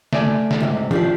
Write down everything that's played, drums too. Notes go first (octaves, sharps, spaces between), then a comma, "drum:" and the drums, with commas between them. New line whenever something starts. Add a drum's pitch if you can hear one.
A3 D5 G#5, drum: snare
drum: snare
G#2 C3
F3 D4 G4, drum: tom